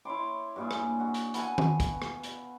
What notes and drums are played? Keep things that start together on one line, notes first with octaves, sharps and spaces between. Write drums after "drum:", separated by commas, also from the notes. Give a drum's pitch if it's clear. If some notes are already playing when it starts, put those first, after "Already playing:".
E4 C#5 C6 D6
G2 A#2 G#4
drum: rim click
F#4 F#5
drum: hi-hat
B3 A4 F5 G#5, drum: hi-hat
drum: tom D#3
drum: kick, hi-hat
drum: rim click
drum: hi-hat